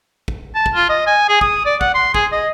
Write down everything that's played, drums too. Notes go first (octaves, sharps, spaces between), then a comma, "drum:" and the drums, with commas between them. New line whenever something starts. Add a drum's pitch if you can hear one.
drum: kick
A5
drum: kick
F4
D#5
G#5
G#4
D#6, drum: kick
D5
F#5, drum: kick
C6
G#4, drum: kick
D#5